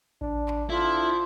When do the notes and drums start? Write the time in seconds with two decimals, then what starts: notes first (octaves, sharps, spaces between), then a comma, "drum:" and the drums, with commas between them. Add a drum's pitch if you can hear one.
0.21 D4, drum: kick A1
0.48 drum: clap
0.70 D3 F3 E4 F4